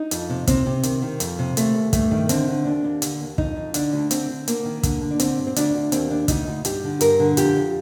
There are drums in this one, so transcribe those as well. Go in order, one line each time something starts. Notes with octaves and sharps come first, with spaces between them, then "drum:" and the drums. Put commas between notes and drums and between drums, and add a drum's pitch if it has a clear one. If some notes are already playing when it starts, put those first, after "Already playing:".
Already playing: D#4
F2, drum: hi-hat
C3
C3 C4, drum: kick, hi-hat
C3
D#3, drum: hi-hat
D#3
F2, drum: hi-hat
C3
D#2 A3, drum: hi-hat
D#2
G2 A3, drum: kick, hi-hat
D#3
D3 C4, drum: hi-hat
D3
D#2 D4
D#2
D3, drum: hi-hat
D#2
F2 D#4, drum: kick
F2
D3 D4, drum: hi-hat
D2
D3 C4, drum: hi-hat
D3
D2 A#3, drum: hi-hat
D#3
D3, drum: kick, hi-hat
D3
D4
D3 C4, drum: hi-hat
G2
C4
D2 D4, drum: hi-hat
D2
D#2 C4, drum: hi-hat
D#3 D4
D2 D#4, drum: kick, hi-hat
D2
G2 G4, drum: hi-hat
D3
G2 A#4, drum: hi-hat
D3
F2 G4, drum: hi-hat
F2